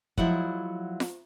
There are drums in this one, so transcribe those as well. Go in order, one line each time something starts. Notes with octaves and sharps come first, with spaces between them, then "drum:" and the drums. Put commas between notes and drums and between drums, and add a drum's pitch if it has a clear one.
F3 F#3 G#3 E4 C#5 F#5, drum: kick
drum: snare F4